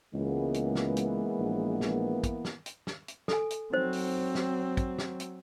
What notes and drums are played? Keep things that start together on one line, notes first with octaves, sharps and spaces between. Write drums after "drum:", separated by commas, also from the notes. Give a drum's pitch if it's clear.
C#2 E3 G#3 A#3 B3
drum: hi-hat
drum: snare
drum: hi-hat
A#1
drum: snare
drum: kick, hi-hat
drum: snare
drum: hi-hat
drum: snare
drum: hi-hat
A4 G#5, drum: snare
drum: hi-hat
F#3 C4 D#4 C5
drum: open hi-hat
drum: snare
drum: kick, hi-hat
drum: snare
drum: hi-hat